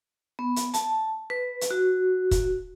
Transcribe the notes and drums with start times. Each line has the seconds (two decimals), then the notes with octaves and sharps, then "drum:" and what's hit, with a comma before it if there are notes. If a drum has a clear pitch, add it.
0.39 B3
0.56 drum: hi-hat
0.74 A5, drum: hi-hat
1.30 B4
1.61 drum: hi-hat
1.71 F#4
2.31 drum: kick, hi-hat